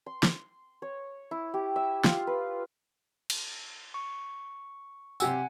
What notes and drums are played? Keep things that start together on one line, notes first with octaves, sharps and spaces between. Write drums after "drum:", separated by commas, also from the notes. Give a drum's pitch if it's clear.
C6
drum: snare
C#5
E4
G4
E5
F4, drum: snare
B4
drum: cymbal
C#6
C3 G4 F#5 G#5 E6, drum: tambourine